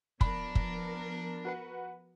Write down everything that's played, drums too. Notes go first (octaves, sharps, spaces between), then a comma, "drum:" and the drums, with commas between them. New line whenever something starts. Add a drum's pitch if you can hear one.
F3 B3 D4 A#4 B5, drum: kick
drum: kick
F#4 B4 F#5